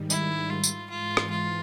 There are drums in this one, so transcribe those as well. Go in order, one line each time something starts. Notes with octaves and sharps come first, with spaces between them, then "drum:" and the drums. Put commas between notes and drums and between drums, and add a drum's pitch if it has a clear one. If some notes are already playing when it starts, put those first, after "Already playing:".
Already playing: G#2 D#3 G3
E4, drum: tambourine
F4
drum: tambourine
G#2 E3 G#3 F4
drum: rim click
F4